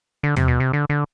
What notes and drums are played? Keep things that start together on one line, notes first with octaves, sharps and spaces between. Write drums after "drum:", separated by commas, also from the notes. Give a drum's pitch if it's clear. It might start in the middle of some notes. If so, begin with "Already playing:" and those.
D3
C3, drum: tom
B2
C3
D3
D3